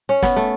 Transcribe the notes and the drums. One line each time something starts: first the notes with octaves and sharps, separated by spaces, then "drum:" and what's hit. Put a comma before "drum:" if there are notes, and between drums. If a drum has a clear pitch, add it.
C#4
B3, drum: snare
A3